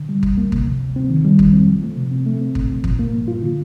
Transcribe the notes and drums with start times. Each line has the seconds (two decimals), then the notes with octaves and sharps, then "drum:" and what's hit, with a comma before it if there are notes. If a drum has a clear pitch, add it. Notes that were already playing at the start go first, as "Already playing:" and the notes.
Already playing: D3
0.09 G3
0.23 D2, drum: kick
0.38 A#3
0.52 C3, drum: kick
0.66 F3
0.81 D2
0.96 C4
1.10 D#3
1.25 G3
1.39 F2, drum: kick
1.53 C4
1.68 F3
1.83 A3
1.97 C3
2.11 C4
2.26 A3
2.41 C4
2.55 A#2, drum: kick
2.70 A#2
2.84 F3, drum: kick
2.99 A#3
3.13 G2
3.28 F4
3.43 D3